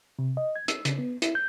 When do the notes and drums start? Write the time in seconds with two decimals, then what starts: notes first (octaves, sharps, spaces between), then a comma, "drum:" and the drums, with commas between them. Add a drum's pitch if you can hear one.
0.19 C3
0.37 D#5
0.56 G#6
0.68 E6, drum: hi-hat
0.85 C#3, drum: hi-hat
0.98 B3
1.22 E4, drum: hi-hat
1.35 G6